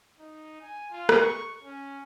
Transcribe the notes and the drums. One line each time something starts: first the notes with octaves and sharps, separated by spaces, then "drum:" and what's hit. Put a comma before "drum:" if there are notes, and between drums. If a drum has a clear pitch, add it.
D#4
G#5
F4
drum: rim click
C#6
C#4